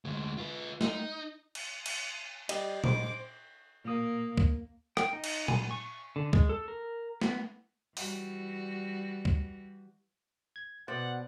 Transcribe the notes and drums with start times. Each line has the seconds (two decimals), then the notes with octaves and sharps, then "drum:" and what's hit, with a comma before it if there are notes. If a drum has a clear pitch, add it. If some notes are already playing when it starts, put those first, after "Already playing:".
0.05 D2 G#3
0.38 F4 B4
0.81 D#4, drum: snare
1.55 drum: cymbal
1.86 drum: cymbal
2.49 G3 D#5, drum: cymbal
2.84 C5 D6, drum: tom A#2
3.85 A#2 A#3 D#6
4.38 drum: kick
4.97 G5, drum: rim click
5.13 D#4
5.24 drum: cymbal
5.48 G#5, drum: tom A#2
5.71 C#6
6.16 D3
6.33 G#3, drum: kick
6.49 A4
6.68 A#4
7.22 B3, drum: snare
7.97 E3 G3 F#4, drum: open hi-hat
9.25 drum: kick
10.56 G#6
10.88 B2 B3 C5 D5 F#5